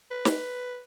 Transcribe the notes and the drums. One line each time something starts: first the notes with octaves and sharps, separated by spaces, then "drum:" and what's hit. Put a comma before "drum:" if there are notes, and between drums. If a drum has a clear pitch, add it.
B4
drum: snare